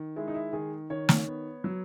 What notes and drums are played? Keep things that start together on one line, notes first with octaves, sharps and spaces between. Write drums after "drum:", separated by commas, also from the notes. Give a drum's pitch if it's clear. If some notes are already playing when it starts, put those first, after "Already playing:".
Already playing: D#3
G#3 E4
D#4
E4
D#3 G#4
D#3 C#5
drum: snare
B3
F#3